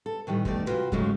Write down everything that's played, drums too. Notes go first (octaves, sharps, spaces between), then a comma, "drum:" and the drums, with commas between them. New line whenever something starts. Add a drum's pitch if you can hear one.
A4
A2 D#3 E3 G3
E2 D#3 A3 C5 D5, drum: kick
C3 F4 F#4 B4
G#2 C#3 F#3 G#3 A3 C#4, drum: kick